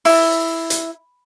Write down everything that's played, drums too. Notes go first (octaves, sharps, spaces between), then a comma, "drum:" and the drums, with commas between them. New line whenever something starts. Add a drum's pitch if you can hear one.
E4, drum: open hi-hat
drum: hi-hat